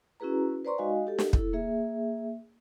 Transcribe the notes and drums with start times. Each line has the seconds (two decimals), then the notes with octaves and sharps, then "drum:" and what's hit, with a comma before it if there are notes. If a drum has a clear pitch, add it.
0.20 C#4 E4 F#4 G#4 B4 A#5
0.65 B4 C5 D5 A#5 C6 C#6
0.78 G#3 D#4 F#4 D#5 F5 G#5
1.07 G4 A4
1.18 drum: snare
1.33 E4 A4, drum: kick
1.53 A#3 G#4 E5